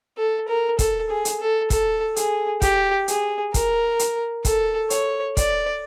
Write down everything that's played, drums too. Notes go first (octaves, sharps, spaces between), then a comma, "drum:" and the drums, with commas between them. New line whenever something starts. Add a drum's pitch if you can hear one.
A4
A#4
A4, drum: kick, hi-hat
G#4
drum: hi-hat
A4
A4, drum: kick, hi-hat
G#4, drum: hi-hat
G4, drum: kick, hi-hat
G#4, drum: hi-hat
A#4, drum: kick, hi-hat
drum: hi-hat
A4, drum: kick, hi-hat
C#5, drum: hi-hat
D5, drum: kick, hi-hat